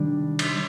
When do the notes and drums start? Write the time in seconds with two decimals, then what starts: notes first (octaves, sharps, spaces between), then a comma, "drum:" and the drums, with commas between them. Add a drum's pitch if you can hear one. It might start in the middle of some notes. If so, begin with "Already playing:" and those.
Already playing: C3 D#3 G3 D4
0.39 drum: cymbal